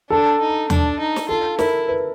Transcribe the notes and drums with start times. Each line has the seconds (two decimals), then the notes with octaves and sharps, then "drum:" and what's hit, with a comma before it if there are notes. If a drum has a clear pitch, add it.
0.10 D4 A4
0.40 D#4
0.70 D4, drum: tom D#2
1.00 D#4
1.16 drum: snare
1.29 F4 A4
1.59 E4 A#4, drum: snare
1.88 B4